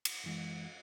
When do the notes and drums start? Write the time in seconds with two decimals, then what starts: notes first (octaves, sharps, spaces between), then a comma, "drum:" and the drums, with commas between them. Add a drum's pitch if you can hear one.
0.05 drum: cymbal
0.24 F#2 E3 G#3